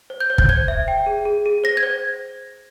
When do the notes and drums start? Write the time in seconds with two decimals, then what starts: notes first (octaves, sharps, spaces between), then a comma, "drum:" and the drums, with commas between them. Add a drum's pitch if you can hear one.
0.10 C5
0.20 G6
0.30 C5
0.38 G6, drum: kick
0.49 C5 G#6
0.68 E5
0.88 G5
1.06 G#4
1.25 G#4
1.46 G#4
1.64 C5 A#6
1.77 G#6
1.83 C5